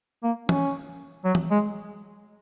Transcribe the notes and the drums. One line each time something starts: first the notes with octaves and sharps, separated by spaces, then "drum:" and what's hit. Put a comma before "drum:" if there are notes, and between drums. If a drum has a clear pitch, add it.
A#3
C#4, drum: tom
F#3
drum: tom
G#3